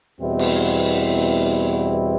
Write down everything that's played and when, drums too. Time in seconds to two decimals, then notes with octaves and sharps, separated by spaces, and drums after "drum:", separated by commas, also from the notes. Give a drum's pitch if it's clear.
0.21 E2 B2 G3 C4 E4
0.39 drum: cymbal